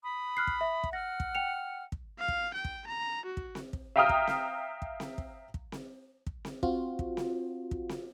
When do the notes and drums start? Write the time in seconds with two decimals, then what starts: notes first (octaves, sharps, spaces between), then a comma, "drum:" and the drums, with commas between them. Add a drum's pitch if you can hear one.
0.03 B5 D#6
0.37 F6 F#6 C7
0.47 drum: kick
0.61 E5
0.84 drum: kick
0.93 F#5 F6 A#6
1.20 drum: kick
1.35 G5 C#7 F7
1.92 drum: kick
2.19 F5
2.28 drum: kick
2.54 G5
2.65 drum: kick
2.87 A#5
3.25 F#4
3.37 drum: kick
3.55 drum: snare C4
3.73 drum: kick
3.96 E5 F5 G5 A#5 D#6 F6
4.09 drum: kick
4.27 drum: snare C4
4.82 drum: kick
5.00 drum: snare C4
5.18 drum: kick
5.54 drum: kick
5.72 drum: snare C4
6.27 drum: kick
6.45 drum: snare C4
6.63 C4 F4 F#4, drum: kick
6.99 drum: kick
7.17 drum: snare C4
7.71 drum: kick
7.89 drum: snare C4